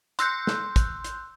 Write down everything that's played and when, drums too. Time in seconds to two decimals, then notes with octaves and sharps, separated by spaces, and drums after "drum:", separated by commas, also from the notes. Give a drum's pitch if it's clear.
0.19 C6 E6 F#6 G6, drum: hi-hat
0.47 drum: snare
0.76 drum: kick, hi-hat
1.04 drum: hi-hat